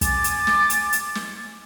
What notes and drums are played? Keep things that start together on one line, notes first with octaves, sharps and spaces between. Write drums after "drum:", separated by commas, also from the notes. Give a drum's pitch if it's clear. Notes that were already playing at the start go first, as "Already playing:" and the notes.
G#5 D6 A6, drum: kick, hi-hat
drum: hi-hat
drum: snare
drum: hi-hat
drum: hi-hat
drum: snare